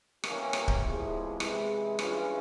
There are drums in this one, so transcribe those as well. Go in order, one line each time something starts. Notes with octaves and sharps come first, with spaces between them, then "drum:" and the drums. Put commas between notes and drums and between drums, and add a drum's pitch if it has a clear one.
E3 A#3 C#4 G4, drum: rim click
drum: rim click
drum: kick D1
E2 C3 F3 G#3 E4
C3 E3 G#3, drum: rim click
G2 E3 G#3 C#4 F4, drum: rim click